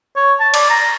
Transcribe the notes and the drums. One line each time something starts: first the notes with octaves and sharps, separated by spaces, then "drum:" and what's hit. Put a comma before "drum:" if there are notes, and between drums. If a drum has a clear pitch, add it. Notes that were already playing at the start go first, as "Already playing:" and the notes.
C#5
A5
D5, drum: cymbal
A#5